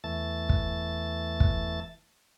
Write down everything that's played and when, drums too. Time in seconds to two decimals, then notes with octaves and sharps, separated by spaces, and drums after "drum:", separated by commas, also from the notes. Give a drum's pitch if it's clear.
0.04 E2 E3 A3 A5 A6
0.49 drum: kick
1.40 drum: kick